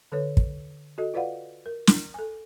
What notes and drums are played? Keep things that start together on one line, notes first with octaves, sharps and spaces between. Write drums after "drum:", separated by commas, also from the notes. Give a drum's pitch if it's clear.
D3 A4 B4 C#5
drum: kick
F#4 A4 D#5
F4 B4 D5 F5 F#5
A#4
drum: snare
A4 G#5